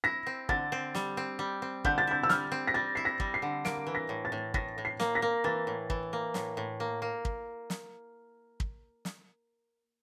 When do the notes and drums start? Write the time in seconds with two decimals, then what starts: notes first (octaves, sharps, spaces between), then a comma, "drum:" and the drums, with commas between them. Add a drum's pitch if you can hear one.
0.04 E4 A#6
0.27 C4
0.49 D3 A6, drum: kick
0.72 C4
0.95 G3, drum: snare
1.17 C4
1.39 G3
1.62 C4
1.85 D3 G6, drum: kick
1.98 A6
2.07 E4 G6
2.23 E6
2.29 G3 F6, drum: snare
2.52 C4
2.67 A#6
2.74 G3 A6
2.95 E4 C7
3.05 A#6
3.20 G3, drum: kick
3.34 C7
3.42 D3
3.65 A#3 D7, drum: snare
3.87 E3
3.95 A#6
4.09 A2
4.25 A6
4.32 A2
4.54 A2 A#6, drum: kick
4.78 A2
4.85 C7
5.00 A#3, drum: snare
5.15 A#6
5.22 A#3
5.44 E3 A6
5.67 A2
5.90 E3, drum: kick
6.13 A#3
6.34 A2, drum: snare
6.57 A2
6.80 A#3
7.02 A#3
7.25 drum: kick
7.70 drum: snare
8.60 drum: kick
9.05 drum: snare